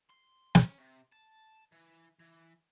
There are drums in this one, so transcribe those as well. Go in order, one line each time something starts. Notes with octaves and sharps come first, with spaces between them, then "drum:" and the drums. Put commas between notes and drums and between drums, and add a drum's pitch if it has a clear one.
C6
C#4, drum: snare
C3
A5
E3
E3